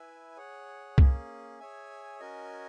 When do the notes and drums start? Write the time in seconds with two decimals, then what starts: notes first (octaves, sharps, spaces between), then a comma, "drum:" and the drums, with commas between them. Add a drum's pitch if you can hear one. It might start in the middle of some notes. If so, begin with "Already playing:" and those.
Already playing: E4 B4 E5 G#5
0.37 G#4 C#5 F#5
0.98 A#3 C#4 G#4, drum: kick C2
1.60 G#4 C#5 E5 G#5
2.20 C#4 F#4 A#4 D#5 G#5